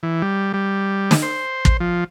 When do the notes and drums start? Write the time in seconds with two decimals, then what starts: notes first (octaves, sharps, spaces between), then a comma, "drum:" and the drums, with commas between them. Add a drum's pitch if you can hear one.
0.03 E3
0.22 G3
0.54 G3
1.11 drum: snare
1.23 C5
1.65 drum: kick
1.80 F3